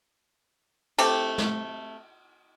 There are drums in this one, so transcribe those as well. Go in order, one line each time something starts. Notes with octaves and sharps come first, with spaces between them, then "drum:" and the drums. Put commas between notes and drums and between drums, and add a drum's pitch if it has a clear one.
A3 C4 G4 A4, drum: cymbal
drum: snare